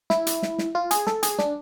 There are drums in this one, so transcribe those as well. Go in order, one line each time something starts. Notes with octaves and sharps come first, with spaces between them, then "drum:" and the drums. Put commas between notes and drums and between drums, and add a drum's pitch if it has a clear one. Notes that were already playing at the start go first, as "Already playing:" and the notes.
E4, drum: snare
drum: hi-hat
drum: snare
drum: snare
F4
G#4, drum: hi-hat
A4, drum: snare
G#4, drum: hi-hat
D4, drum: snare